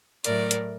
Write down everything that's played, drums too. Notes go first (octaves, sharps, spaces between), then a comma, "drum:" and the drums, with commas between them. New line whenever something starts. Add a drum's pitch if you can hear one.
A2 F#3 A3 A#4 D5, drum: hi-hat
drum: hi-hat